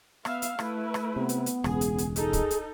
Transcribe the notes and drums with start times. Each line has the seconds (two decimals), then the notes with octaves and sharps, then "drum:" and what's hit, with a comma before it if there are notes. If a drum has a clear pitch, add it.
0.25 B3 E5 F5, drum: rim click
0.42 drum: hi-hat
0.59 A3 E4 B4, drum: rim click
0.94 drum: rim click
1.16 C3 B3
1.29 drum: hi-hat
1.46 drum: hi-hat
1.64 E1 C#2 G#4, drum: rim click
1.81 drum: hi-hat
1.98 drum: hi-hat
2.16 D#4 G#4 A4, drum: hi-hat
2.33 drum: kick, hi-hat
2.51 drum: hi-hat